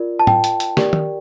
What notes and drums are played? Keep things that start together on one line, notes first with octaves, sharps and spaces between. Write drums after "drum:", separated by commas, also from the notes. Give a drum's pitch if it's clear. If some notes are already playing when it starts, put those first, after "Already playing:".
Already playing: F4 A#4 D5
A5
G5, drum: tom
drum: hi-hat
drum: hi-hat
G4 A#4 D5, drum: snare
drum: tom